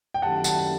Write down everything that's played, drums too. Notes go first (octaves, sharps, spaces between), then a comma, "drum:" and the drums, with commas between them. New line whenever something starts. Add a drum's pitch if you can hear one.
G5
F#2 D#3 A3 E4 G4 F#5 A5
F#5 A5, drum: tambourine